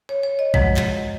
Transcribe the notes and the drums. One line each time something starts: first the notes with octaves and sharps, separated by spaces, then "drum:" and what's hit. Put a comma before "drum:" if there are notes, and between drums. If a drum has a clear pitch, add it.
C#5
C#5
D#5
F#2 F3 G#3 F#5, drum: kick A#1
drum: clap